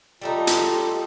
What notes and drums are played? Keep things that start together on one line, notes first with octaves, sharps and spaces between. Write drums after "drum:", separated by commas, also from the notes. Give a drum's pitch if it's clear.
G3 A3 D#4 F4 G4 A4
drum: hi-hat